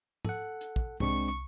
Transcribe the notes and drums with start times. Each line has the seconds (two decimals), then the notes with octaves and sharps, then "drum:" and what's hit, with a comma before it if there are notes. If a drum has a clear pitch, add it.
0.25 A4 F#5, drum: tom
0.61 drum: hi-hat
0.76 drum: kick
1.00 C2 G#3 C4 D4 C#6, drum: tom